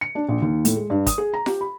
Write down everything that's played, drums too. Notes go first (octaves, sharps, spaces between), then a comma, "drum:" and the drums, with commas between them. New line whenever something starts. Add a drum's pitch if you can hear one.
C#7
D4
A#1
D#2
A2, drum: hi-hat
G#3
G2
D#6, drum: kick, hi-hat
G#4
A#5
G4, drum: snare F4
B5